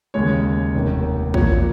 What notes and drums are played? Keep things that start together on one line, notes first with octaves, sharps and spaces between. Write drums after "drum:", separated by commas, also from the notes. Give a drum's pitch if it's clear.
D#2 C#3 G#3 C#5
F1 D#2 D#3
A#1 A#2 F3 A#3 C#5, drum: kick